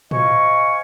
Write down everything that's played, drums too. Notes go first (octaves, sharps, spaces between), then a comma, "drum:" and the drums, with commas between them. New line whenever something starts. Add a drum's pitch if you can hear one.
C5 D#5 F5 G#5 C#6, drum: tom A2